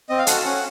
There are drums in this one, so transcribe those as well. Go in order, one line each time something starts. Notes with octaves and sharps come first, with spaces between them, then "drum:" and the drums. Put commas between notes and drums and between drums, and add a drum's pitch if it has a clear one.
C4 D#5
F5
F#4 A4 F#5, drum: hi-hat
A5
C#4 F#5